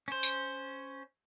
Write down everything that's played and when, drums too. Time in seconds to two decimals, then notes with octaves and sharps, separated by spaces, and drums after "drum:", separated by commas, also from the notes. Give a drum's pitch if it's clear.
0.08 C#4 C5
0.23 drum: tambourine